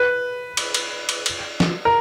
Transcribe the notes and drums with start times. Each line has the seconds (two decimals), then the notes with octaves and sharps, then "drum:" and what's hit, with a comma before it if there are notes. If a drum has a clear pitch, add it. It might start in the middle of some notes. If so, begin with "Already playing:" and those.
Already playing: B4
0.57 drum: cymbal
0.74 drum: cymbal
1.09 drum: cymbal
1.26 drum: cymbal
1.60 drum: snare
1.85 A#4